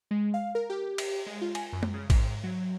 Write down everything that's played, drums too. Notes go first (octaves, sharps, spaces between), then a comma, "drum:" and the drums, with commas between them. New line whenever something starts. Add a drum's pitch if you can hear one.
G#3
F5
A#4
G4
drum: cymbal
G#3
F4
G#5, drum: cymbal
F#2
drum: tom G#3
C#3
G#2, drum: kick A1, cymbal
F#3